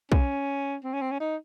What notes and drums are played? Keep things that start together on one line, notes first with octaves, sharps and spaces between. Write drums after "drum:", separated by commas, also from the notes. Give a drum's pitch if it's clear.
C#4, drum: kick
C4
C#4
C4
C#4
D#4